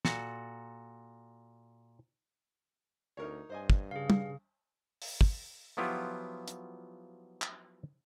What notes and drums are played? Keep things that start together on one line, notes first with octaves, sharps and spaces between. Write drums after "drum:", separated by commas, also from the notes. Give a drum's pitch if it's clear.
A#2 F#4 A4, drum: snare
D2 D#4 A#4 C#5
G2 C5 D#5 G#5
drum: kick
C#3 G#4 F5
drum: tom
drum: open hi-hat
drum: kick
F3 F#3 B3 E4 F4 G4
drum: hi-hat
drum: clap